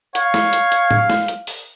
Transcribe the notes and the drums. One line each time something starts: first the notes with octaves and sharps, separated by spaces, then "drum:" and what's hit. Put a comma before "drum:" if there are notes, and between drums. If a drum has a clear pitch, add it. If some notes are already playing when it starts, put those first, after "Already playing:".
C#5 F5, drum: hi-hat
drum: snare
drum: hi-hat
drum: hi-hat
drum: tom A2
drum: snare
drum: hi-hat
drum: open hi-hat